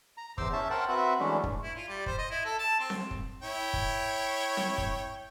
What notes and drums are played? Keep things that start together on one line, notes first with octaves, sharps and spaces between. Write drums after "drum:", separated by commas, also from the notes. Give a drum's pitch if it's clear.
A#5
E2 C5 C6 D6 E6, drum: kick
C#4 E5 A5
A#4 C5 F#5 G5 A5
C4 F#4 B4 E5 F#5
E3 F#3 G#3 A3 C#4 D4
drum: kick
E4
F4
G3
C5, drum: kick
D#5
E4
A4
A5
C4
drum: snare C4
drum: kick
E4 C#5 G5
drum: kick
drum: snare C4
drum: kick